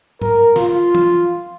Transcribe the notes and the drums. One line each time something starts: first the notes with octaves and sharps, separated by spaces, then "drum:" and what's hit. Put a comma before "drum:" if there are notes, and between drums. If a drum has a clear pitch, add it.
A#4, drum: tom G#2
F4, drum: snare B3
drum: tom E3